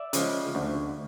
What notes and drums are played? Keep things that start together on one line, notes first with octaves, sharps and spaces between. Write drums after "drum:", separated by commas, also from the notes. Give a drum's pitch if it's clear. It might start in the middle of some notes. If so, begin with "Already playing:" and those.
Already playing: D5 E5
C#3 F3 G#3, drum: hi-hat
D2